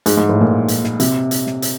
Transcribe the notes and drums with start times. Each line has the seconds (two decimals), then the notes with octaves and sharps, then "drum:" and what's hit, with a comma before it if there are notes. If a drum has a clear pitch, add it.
0.06 G#2, drum: hi-hat
0.17 G#2
0.29 A2
0.41 A#2
0.68 drum: hi-hat
0.84 drum: snare
1.00 C3, drum: hi-hat
1.31 drum: hi-hat
1.47 drum: snare
1.62 drum: hi-hat